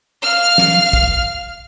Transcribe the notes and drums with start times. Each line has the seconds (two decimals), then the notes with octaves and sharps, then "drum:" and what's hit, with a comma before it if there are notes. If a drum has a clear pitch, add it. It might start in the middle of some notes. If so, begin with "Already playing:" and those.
0.23 F5 F6
0.58 drum: snare
0.93 drum: kick